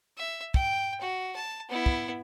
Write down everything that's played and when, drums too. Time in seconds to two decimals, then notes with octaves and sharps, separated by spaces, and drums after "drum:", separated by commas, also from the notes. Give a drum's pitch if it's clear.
0.17 E5
0.54 G5, drum: kick
1.01 F#4
1.36 A5
1.70 B3 E4
1.86 drum: kick